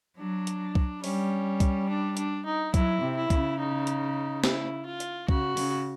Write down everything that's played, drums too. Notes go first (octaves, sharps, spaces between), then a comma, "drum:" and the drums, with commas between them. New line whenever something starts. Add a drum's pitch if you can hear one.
F#3 D4
drum: hi-hat
drum: kick C2
G3 C#4, drum: open hi-hat
drum: kick C2, hi-hat
D4
D4, drum: hi-hat
D#4
F#3 E4, drum: kick C2, hi-hat
C3
E4
C#3, drum: kick C2, hi-hat
D#4
drum: hi-hat
E4, drum: snare
F4
drum: hi-hat
C#3 F#4, drum: kick C2
C#3, drum: open hi-hat